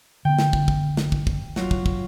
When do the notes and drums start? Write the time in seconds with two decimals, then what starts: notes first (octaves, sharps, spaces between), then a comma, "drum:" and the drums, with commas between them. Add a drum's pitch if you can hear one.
0.25 D3 B3 G5
0.39 drum: snare
0.53 drum: kick
0.68 drum: kick
0.97 drum: snare
1.12 drum: kick
1.27 drum: kick
1.56 F#3 F4, drum: snare
1.71 drum: kick
1.86 drum: kick